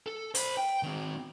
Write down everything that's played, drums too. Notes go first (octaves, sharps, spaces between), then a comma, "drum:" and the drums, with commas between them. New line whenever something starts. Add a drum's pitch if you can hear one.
A4
C5 B5, drum: hi-hat
G5
D#3 C4